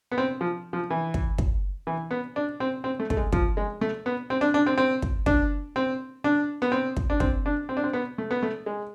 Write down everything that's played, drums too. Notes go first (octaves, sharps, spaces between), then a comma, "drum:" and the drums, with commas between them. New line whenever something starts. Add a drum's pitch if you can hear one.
B3
C4
F3
F3
E3
drum: kick
drum: kick
E3
B3
D4
C4
C4
A3
A3, drum: kick
G#3
F3, drum: kick
G#3
A3
B3
C4
D4
D4
C4
C4
drum: kick
D4, drum: kick
C4
D4
B3
C4
drum: kick
D4
C4, drum: kick
D4
C4
D4
C4
B3
A3
B3
A3
G#3